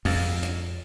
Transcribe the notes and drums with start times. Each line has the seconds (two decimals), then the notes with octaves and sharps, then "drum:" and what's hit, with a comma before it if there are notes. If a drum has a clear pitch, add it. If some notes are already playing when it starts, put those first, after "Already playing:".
0.05 F2, drum: open hi-hat
0.43 drum: hi-hat